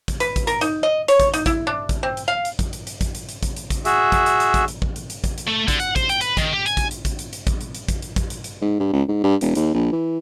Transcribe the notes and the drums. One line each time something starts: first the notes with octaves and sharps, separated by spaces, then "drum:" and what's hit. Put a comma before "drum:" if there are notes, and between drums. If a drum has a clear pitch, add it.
drum: kick, hi-hat
B4, drum: hi-hat
drum: kick, hi-hat
A#4, drum: hi-hat
D#4, drum: hi-hat
D#5
C#5, drum: hi-hat
drum: kick, hi-hat
D#4, drum: hi-hat
E4, drum: kick, hi-hat
D4
drum: kick, hi-hat
C4
drum: hi-hat
F5
drum: hi-hat
drum: kick, hi-hat
drum: hi-hat
drum: hi-hat
drum: kick, hi-hat
drum: hi-hat
drum: hi-hat
drum: kick, hi-hat
drum: hi-hat
drum: kick, hi-hat
F#4 G#4 E5, drum: hi-hat
drum: kick, hi-hat
drum: hi-hat
drum: hi-hat
drum: kick, hi-hat
drum: hi-hat
drum: kick
drum: hi-hat
drum: hi-hat
drum: kick, hi-hat
drum: hi-hat
A3
D3, drum: kick, hi-hat
F#5, drum: hi-hat
C5, drum: kick, hi-hat
G5, drum: hi-hat
B4, drum: hi-hat
D#3, drum: kick, hi-hat
G4
G#5, drum: hi-hat
drum: kick, hi-hat
drum: hi-hat
drum: kick, hi-hat
drum: hi-hat
drum: hi-hat
drum: kick, hi-hat
drum: hi-hat
drum: hi-hat
drum: kick, hi-hat
drum: hi-hat
drum: kick, hi-hat
drum: hi-hat
drum: hi-hat
G#2
G2
C#2
G#2
G2
E1, drum: hi-hat
D#2, drum: hi-hat
A#1
E3